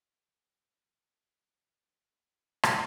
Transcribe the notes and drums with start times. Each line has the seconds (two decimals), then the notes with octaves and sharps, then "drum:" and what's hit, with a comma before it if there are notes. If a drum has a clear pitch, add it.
0.23 G#5
1.16 F#6
1.60 F#7
2.63 drum: rim click